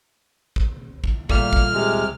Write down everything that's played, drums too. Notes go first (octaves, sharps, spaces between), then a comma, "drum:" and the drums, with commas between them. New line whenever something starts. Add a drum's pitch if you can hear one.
drum: kick
drum: kick
A#2 G3 A3 A#3 F6, drum: kick
drum: kick
C3 G#3